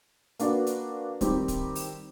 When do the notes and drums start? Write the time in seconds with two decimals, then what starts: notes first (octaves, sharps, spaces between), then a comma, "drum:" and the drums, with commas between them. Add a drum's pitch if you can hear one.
0.39 A#3 D4 F#4 B4 D5, drum: hi-hat
0.67 drum: hi-hat
1.21 D#3 G3 C4 D#4 G4, drum: kick, hi-hat
1.48 drum: kick, hi-hat
1.75 drum: open hi-hat